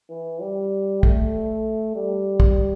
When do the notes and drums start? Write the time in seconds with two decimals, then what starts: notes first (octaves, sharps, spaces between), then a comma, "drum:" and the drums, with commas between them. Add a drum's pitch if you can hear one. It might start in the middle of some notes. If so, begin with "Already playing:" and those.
0.10 E3
0.41 G3
1.03 A3, drum: kick
1.96 G3
2.40 drum: kick